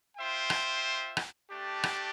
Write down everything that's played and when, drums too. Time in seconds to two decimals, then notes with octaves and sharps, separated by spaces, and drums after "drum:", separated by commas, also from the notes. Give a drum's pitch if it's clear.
0.16 F4 C5 E5 G5
0.50 drum: rim click
1.17 drum: rim click
1.50 A3 D4 G4
1.83 drum: rim click